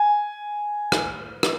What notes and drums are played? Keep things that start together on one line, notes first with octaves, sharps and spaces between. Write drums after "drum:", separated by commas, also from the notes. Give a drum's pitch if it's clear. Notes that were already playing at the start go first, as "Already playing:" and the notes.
Already playing: G#5
drum: rim click
drum: rim click